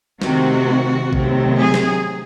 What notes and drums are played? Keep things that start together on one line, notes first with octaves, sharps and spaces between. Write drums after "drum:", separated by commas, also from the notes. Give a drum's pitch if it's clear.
C3 D#3 A3 C4 F#4, drum: snare
C3 D#3 F#3 A3 C4, drum: kick A1
G#4
drum: snare